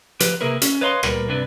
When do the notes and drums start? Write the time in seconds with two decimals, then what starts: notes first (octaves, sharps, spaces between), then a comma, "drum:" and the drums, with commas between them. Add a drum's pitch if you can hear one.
0.20 F3 G4 B4, drum: hi-hat
0.41 C3 A#3 E4 G#4 A#4 B4
0.62 C#4, drum: hi-hat
0.81 B4 C#5 D#5 F5 B5 C6
1.03 A#2 G3 A#4 B4, drum: rim click
1.28 C2 G2 C3 D4 B4